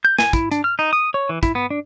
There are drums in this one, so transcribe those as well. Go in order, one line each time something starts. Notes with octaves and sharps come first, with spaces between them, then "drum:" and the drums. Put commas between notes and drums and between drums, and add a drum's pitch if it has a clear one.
G6
G#5, drum: snare
E4, drum: kick, hi-hat
D4, drum: hi-hat
F6
D#4
D#6
C#5
E3
E4, drum: kick, hi-hat
B3
D4